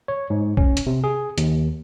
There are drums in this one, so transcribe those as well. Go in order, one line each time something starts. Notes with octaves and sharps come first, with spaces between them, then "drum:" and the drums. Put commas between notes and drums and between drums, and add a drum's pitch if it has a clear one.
C#5
G#2
C#4, drum: kick A#1
drum: hi-hat
C3
G#4
D#2, drum: hi-hat